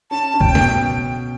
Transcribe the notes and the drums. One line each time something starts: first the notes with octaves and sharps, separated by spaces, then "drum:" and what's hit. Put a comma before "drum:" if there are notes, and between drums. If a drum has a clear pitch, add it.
C#4 A5
C#4
G5, drum: kick
B2, drum: snare